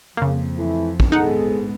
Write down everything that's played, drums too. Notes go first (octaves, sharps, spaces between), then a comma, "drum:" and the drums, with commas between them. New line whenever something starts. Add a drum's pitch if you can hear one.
F2 C#3 A#3
E3 A3 E4
drum: kick
G#2 B3 D#4 G#4 A4 F#5